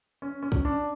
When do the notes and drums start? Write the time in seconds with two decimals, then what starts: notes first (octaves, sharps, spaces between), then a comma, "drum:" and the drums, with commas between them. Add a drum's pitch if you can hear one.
0.22 C#4
0.43 C#4
0.52 drum: kick
0.65 D4